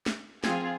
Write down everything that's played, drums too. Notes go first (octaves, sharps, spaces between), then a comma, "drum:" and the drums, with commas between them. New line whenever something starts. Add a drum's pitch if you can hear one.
drum: snare
F3 C4 F4 G#4, drum: snare